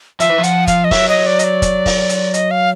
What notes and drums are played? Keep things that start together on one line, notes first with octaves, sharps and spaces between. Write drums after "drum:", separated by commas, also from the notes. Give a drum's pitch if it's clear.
F3 E5, drum: hi-hat
E3
F3
F#5, drum: hi-hat
F5, drum: kick, hi-hat
D#5
F#3 E5, drum: kick, open hi-hat
D#5
D5
D#5, drum: hi-hat
D5
drum: kick, hi-hat
drum: kick, open hi-hat
drum: hi-hat
D#5, drum: hi-hat
F5